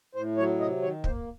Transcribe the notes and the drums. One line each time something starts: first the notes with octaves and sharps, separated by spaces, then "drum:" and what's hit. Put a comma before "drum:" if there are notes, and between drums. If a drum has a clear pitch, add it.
A2 C5
F#3 C#5
C3 D#5
D#3 C#5
A#3 C5, drum: kick